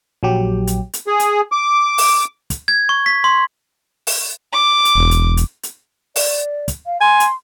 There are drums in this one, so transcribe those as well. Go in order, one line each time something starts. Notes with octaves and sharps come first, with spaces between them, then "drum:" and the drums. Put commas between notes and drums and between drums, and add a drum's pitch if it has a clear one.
A#1 F#3 G4
drum: hi-hat
drum: hi-hat
G#4
drum: hi-hat
D6
drum: open hi-hat
drum: kick, hi-hat
G#6
C#6
B6
C6
drum: open hi-hat
D6
drum: hi-hat
E1
drum: hi-hat
drum: hi-hat
drum: hi-hat
D5, drum: open hi-hat
drum: kick, hi-hat
F5
G#5 C6
drum: hi-hat